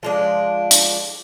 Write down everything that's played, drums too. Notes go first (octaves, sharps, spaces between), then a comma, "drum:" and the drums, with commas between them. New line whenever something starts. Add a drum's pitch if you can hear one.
F3 G#3 D4
drum: hi-hat